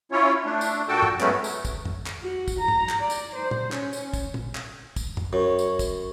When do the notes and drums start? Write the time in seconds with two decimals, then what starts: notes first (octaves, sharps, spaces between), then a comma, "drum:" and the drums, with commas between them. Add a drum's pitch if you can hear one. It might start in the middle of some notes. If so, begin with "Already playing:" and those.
0.12 C#4 E4 F4 C#5
0.45 A3 D4
0.61 drum: tambourine
0.88 A#2 F#4 A4 G5 A5
1.03 drum: tom
1.20 F#3 G#3 A3 B3 C#4, drum: clap
1.44 drum: tambourine
1.65 drum: kick, tambourine
1.85 drum: tom F2
2.06 drum: clap
2.23 F#4
2.48 drum: kick, tambourine
2.59 A#5
2.68 drum: tom
2.89 drum: clap
3.00 D5
3.10 drum: tambourine
3.35 C5
3.51 drum: tom
3.72 C#4, drum: clap
3.93 drum: tambourine
4.13 drum: kick, tambourine
4.34 drum: tom
4.55 drum: clap
4.96 drum: kick, tambourine
5.17 drum: tom F2
5.33 F#2 C#5
5.59 drum: tambourine
5.79 drum: kick, tambourine